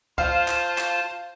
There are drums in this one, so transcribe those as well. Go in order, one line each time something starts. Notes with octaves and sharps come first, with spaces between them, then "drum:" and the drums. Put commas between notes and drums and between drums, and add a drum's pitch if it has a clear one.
F4 C5 F5 A5, drum: kick C2, tambourine
drum: clap
drum: clap